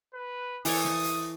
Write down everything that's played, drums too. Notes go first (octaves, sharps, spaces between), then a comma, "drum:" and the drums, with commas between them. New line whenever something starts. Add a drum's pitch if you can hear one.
B4
E3 A4 C#5 D#6, drum: open hi-hat
drum: snare
drum: hi-hat